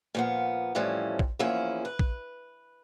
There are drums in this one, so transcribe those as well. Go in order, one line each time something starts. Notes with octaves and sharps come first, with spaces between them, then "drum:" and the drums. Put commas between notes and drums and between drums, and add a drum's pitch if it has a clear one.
A#2 F3 B3
F2 A2 E3 F3 G3 C#4
drum: kick A#1
E2 F3 A#3 C#4 E4
B4
drum: kick A#1